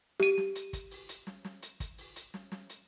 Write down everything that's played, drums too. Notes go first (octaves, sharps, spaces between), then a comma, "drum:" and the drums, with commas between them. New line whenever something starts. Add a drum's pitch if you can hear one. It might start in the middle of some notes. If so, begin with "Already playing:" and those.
G4 D#7, drum: snare
drum: snare
drum: hi-hat
drum: kick, hi-hat
drum: open hi-hat
drum: hi-hat
drum: snare
drum: snare
drum: hi-hat
drum: kick, hi-hat
drum: open hi-hat
drum: hi-hat
drum: snare
drum: snare
drum: hi-hat